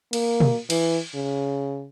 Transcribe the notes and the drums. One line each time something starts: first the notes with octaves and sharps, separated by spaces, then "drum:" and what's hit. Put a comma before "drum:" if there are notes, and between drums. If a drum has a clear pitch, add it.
A#3, drum: cymbal
drum: tom
E3, drum: cymbal
C#3